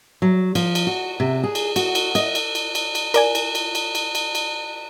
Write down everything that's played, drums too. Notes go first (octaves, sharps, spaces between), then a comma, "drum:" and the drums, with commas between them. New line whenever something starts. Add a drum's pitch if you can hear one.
F#3
F3, drum: cymbal
drum: cymbal
F#4
C3
G#4
drum: cymbal
F#4, drum: cymbal
drum: cymbal
D#5, drum: cymbal
drum: cymbal
drum: cymbal
drum: cymbal
drum: cymbal
A#4 D5 G#5, drum: cymbal
drum: cymbal
drum: cymbal
drum: cymbal
drum: cymbal
drum: cymbal
drum: cymbal